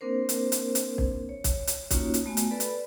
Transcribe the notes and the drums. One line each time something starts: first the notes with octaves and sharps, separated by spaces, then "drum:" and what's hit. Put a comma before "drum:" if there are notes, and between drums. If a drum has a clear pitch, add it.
A#3 C4 D4 A#4 C5
drum: hi-hat
drum: hi-hat
drum: hi-hat
drum: kick
C#5
drum: kick, hi-hat
drum: hi-hat
A#3 C#4 D#4 F4 F#4 C#5, drum: kick, hi-hat
drum: hi-hat
A3 B3 F#4 G#5
drum: hi-hat
A4 B4 D5 B5
drum: hi-hat